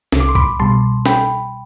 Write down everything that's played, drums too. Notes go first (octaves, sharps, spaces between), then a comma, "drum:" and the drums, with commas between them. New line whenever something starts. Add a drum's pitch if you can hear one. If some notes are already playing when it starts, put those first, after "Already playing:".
C2, drum: snare
D6
C6
B5 D6, drum: kick
B2 G3 A5 C6
G5 B5, drum: snare